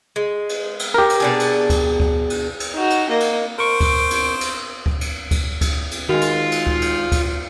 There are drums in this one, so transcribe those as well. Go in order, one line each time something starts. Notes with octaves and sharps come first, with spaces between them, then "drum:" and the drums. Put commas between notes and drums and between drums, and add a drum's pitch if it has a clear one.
G#3
drum: cymbal
drum: cymbal
G4 A#4
drum: cymbal
B2 D4 G#4
drum: cymbal
drum: kick D2, cymbal
drum: kick D2
drum: cymbal
drum: cymbal
D#4 F#4
drum: cymbal
A#3 D#5
drum: cymbal
A#4 C5 C#6 D7
drum: kick D2, cymbal
drum: cymbal
drum: cymbal
drum: kick D2
drum: cymbal
drum: kick D2, cymbal
drum: kick D2, cymbal
drum: cymbal
D#3 G#3 F4 F#4
drum: cymbal
drum: cymbal
drum: kick D2
drum: cymbal
drum: kick D2, cymbal